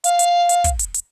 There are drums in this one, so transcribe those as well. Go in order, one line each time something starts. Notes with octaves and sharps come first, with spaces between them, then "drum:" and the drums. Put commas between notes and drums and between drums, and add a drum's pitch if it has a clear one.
F5, drum: hi-hat
drum: hi-hat
drum: hi-hat
drum: kick, hi-hat
drum: hi-hat
drum: hi-hat